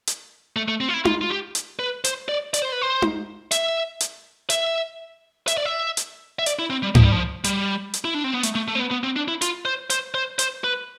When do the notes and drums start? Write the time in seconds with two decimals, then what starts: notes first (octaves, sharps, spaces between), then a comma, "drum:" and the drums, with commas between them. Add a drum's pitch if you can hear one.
0.07 drum: hi-hat
0.56 A3
0.68 A3
0.80 C4
0.89 F4
0.94 E4
1.05 F4, drum: tom D#4
1.21 F4
1.30 G4
1.55 drum: hi-hat
1.79 B4
2.04 C5, drum: hi-hat
2.29 D5
2.54 D5, drum: hi-hat
2.62 C5
2.72 B4
2.82 C5
3.02 drum: tom D#4
3.51 E5, drum: hi-hat
4.00 drum: hi-hat
4.50 E5, drum: hi-hat
5.48 E5, drum: hi-hat
5.57 D5
5.65 E5
5.97 drum: hi-hat
6.39 E5
6.46 D5, drum: hi-hat
6.59 E4
6.70 C4
6.83 G3
6.95 F3, drum: tom G#2
7.03 G3
7.12 F3
7.44 G3, drum: hi-hat
7.94 drum: hi-hat
8.05 E4
8.14 D4
8.24 C4
8.34 B3
8.43 A3, drum: hi-hat
8.55 A3
8.68 A3
8.75 C4
8.80 B3
8.91 B3
9.03 C4
9.16 D4
9.28 E4
9.42 F4, drum: hi-hat
9.65 C5
9.90 C5, drum: hi-hat
10.14 C5
10.39 C5, drum: hi-hat
10.64 B4